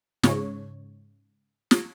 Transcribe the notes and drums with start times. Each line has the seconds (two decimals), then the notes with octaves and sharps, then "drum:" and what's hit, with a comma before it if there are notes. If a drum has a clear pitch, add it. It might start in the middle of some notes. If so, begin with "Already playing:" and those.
0.23 G#2 C#3 C#5, drum: snare
1.71 drum: snare